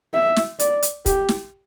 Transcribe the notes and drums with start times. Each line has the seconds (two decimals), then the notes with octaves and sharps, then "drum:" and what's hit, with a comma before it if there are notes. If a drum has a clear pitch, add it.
0.14 E5
0.36 drum: snare
0.59 D5, drum: hi-hat
0.82 drum: hi-hat
1.06 G4, drum: kick, hi-hat
1.29 drum: snare